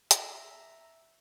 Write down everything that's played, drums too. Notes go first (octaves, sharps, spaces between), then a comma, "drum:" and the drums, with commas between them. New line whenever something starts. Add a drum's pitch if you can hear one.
E5 A#5, drum: hi-hat